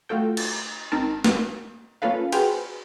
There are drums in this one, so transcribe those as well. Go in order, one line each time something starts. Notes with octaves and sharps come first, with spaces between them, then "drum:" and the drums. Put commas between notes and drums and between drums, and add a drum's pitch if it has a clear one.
A3 F4 F#4 A4 G5
drum: cymbal
G#1 C4 D#4 A#4 A5
drum: snare
A#3 C#4 F4 A4 B4 F5
F#4 G#4 B4 C5 G5 F6, drum: cymbal